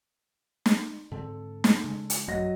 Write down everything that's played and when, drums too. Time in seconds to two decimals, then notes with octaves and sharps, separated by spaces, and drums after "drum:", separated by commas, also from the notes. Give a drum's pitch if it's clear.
0.66 drum: snare
1.12 G#2 D3 C4 A4
1.64 drum: snare
1.84 C#3 G#3
2.10 drum: hi-hat
2.28 A1 F#2 F#3 D#5 A#6